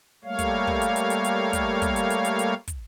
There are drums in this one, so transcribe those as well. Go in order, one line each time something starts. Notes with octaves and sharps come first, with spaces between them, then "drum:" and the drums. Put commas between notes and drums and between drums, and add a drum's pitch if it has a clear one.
G3 A3 A#3 C#5 F5
drum: kick, hi-hat
drum: kick
drum: hi-hat
drum: hi-hat
drum: hi-hat
drum: hi-hat
drum: kick, hi-hat
drum: kick, hi-hat
drum: hi-hat
drum: hi-hat
drum: hi-hat
drum: hi-hat
drum: kick, hi-hat